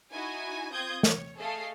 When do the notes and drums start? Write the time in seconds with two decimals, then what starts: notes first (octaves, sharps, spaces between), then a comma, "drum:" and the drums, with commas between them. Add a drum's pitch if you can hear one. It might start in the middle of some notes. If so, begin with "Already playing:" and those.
0.12 D#4 E4 F#4 G#5
0.72 C4 F4 D#6 G6 G#6
1.03 C#5, drum: snare
1.38 A3 G#4 A4 D#5 F5 C7